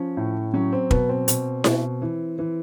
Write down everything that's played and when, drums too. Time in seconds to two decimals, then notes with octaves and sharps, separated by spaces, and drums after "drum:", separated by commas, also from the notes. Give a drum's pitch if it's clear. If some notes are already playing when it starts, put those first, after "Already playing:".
Already playing: F3 C#4
0.17 A2
0.53 F#3 C#4
0.72 C4
0.91 B2 B3, drum: kick
1.09 C4
1.28 B2, drum: hi-hat
1.64 B2, drum: snare E4
2.02 E3
2.39 E3